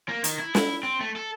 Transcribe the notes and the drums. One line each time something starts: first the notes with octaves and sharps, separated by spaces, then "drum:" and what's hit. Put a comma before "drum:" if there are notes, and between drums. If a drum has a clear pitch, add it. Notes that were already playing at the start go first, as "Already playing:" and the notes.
A#3
D#3, drum: hi-hat
E4
E4, drum: snare
C4
A3
A4